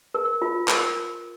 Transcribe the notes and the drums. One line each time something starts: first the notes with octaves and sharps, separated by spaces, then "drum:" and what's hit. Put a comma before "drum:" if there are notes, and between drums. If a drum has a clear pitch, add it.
A#4
F4
A#4, drum: clap